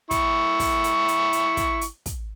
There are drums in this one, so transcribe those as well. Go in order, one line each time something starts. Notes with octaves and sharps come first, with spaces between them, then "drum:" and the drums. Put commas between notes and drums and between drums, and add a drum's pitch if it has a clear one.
E4 C#6, drum: kick, hi-hat
drum: kick, open hi-hat
drum: hi-hat
drum: hi-hat
drum: hi-hat
drum: kick, hi-hat
drum: hi-hat
drum: kick, hi-hat